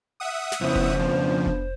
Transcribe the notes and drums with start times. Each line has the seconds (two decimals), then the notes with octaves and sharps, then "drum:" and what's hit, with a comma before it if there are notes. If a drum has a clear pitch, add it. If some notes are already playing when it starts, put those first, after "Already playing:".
0.20 E5 F#5 D#6
0.52 drum: snare
0.61 F2 C#3 B3 E4 C5
0.75 drum: kick F1
0.99 F3 B3 D4
1.46 drum: kick F1